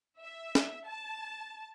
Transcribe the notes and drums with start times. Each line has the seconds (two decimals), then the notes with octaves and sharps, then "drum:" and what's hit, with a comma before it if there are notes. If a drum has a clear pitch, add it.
0.19 E5
0.55 drum: snare
0.87 A5